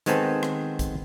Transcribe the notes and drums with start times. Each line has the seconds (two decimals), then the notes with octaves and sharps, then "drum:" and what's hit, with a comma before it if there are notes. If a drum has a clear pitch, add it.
0.06 D#3 G#3 B3 C4 A4 B4, drum: hi-hat
0.43 drum: rim click
0.79 drum: kick A#1, hi-hat